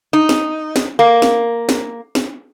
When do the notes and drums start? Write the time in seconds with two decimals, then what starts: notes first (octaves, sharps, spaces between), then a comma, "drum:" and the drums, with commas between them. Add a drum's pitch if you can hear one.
0.13 D#4
0.29 drum: snare
0.76 drum: snare
0.99 A#3
1.22 drum: snare
1.69 drum: snare
2.15 drum: snare